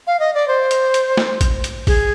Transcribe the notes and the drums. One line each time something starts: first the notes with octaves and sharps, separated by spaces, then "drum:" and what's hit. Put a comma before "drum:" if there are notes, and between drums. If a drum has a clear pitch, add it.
F5
D#5
D5
C5
drum: hi-hat
drum: hi-hat
drum: snare
drum: kick A1, hi-hat
drum: hi-hat
G#4, drum: kick A1, open hi-hat